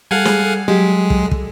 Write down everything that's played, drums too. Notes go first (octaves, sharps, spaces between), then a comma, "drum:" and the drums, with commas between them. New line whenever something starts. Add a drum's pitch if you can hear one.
G3 G#4 A4 F5 F#5 G#5
drum: snare
F#3 G#3 G4
drum: kick
drum: kick